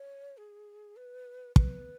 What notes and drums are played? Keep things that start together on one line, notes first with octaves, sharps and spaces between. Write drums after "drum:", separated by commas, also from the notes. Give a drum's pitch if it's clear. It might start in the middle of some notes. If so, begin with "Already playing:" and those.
Already playing: C#5
G#4
B4
B4, drum: kick